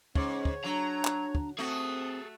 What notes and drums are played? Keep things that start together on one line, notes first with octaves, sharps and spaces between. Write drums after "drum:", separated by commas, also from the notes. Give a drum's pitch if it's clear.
G#2 C#4 C#5, drum: kick
drum: kick
F#3 D4 A#5
drum: clap
drum: kick
A3 C4 F#4 G#4 A4 D#6